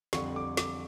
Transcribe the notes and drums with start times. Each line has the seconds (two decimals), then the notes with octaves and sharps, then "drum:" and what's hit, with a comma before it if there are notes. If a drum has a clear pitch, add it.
0.13 F2 D3 G3 C#6, drum: snare
0.36 D6
0.57 D6, drum: snare